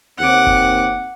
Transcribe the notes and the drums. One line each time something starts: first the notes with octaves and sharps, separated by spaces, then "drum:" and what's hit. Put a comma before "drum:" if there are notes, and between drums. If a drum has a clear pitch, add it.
D#2 C4 F#5 D6
drum: kick F#1